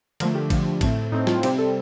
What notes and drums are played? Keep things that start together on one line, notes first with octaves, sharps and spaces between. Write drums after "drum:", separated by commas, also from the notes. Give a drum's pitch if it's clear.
D3 F3 A3 A#4, drum: cymbal
G4
D3 F3 A3, drum: kick A1, cymbal
A2 A3 C4, drum: kick A1, cymbal
A2 A3 C4 D#4
F4, drum: snare
C3 G3 C4 G4, drum: cymbal
A4